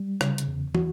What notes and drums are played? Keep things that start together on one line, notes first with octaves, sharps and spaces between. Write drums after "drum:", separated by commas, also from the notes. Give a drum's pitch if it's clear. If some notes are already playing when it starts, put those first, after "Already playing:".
Already playing: G3
C#3, drum: rim click
drum: hi-hat
E2
F#4, drum: tom